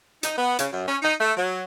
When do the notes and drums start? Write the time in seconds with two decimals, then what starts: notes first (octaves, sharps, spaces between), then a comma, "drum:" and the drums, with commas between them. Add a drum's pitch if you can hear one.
0.23 D#4, drum: hi-hat
0.38 B3
0.59 C#3, drum: hi-hat
0.72 F#2
0.87 C#4
1.02 D#4
1.20 A3
1.37 F#3